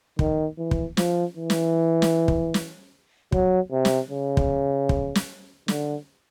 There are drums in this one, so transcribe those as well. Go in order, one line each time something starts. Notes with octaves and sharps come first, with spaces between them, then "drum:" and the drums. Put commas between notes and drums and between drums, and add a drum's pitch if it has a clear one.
D#3, drum: kick
E3
drum: kick
F3, drum: snare
E3
drum: snare
drum: snare
drum: kick
drum: snare
F#3, drum: kick
C3
drum: snare
C#3
drum: kick
drum: kick
drum: snare
D3, drum: snare